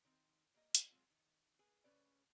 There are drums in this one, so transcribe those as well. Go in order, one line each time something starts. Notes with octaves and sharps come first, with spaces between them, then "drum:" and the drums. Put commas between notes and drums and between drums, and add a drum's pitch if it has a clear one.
D#3 C4
G3 A#3 D#5
drum: hi-hat
F#3 G#3 C4 F4
D#3
G#4 B4 G#5
A2 C#3 A#3 C#4 B4 D5